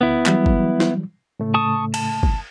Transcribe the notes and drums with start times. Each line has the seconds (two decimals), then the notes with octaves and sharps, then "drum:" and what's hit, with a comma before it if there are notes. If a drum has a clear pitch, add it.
0.01 D2 B3 E4
0.26 E3 F#3 G3, drum: clap
0.46 drum: kick
0.80 drum: snare
1.40 A2 C#3 A3
1.54 A5 C#6 D#6
1.94 A5, drum: cymbal
2.23 drum: kick